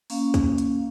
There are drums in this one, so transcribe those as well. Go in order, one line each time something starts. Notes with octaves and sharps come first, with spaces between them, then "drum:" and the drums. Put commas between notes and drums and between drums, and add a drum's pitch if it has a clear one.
A#3 C#4 F5, drum: open hi-hat
drum: kick, hi-hat
drum: hi-hat